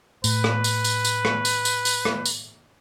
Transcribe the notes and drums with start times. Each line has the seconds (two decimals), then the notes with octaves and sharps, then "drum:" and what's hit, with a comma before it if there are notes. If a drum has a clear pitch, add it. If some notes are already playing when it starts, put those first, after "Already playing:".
0.24 A2 B4, drum: tambourine
0.44 drum: rim click
0.64 drum: tambourine
0.84 drum: tambourine
1.05 drum: tambourine
1.25 drum: rim click
1.45 drum: tambourine
1.65 drum: tambourine
1.85 drum: tambourine
2.05 drum: rim click
2.25 drum: tambourine